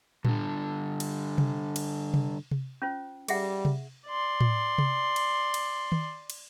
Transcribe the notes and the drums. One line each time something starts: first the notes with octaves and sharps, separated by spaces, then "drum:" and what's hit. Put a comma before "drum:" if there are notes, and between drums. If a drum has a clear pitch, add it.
G2 D3, drum: tom A2
drum: cymbal
drum: tom C3
drum: cymbal
drum: tom C3
drum: tom C3
C#4 F4 C5
G3 G#4 E5 F#5, drum: cymbal
drum: tom C3
D5 C6
drum: tom A2
drum: tom C3
drum: cymbal
drum: cymbal
drum: tom D#3
drum: cymbal